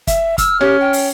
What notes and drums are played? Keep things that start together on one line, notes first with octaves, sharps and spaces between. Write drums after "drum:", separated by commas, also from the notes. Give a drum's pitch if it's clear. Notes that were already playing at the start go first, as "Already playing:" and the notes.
E5, drum: kick, hi-hat
E6 F6, drum: kick, hi-hat
C#4 G4
G5
drum: open hi-hat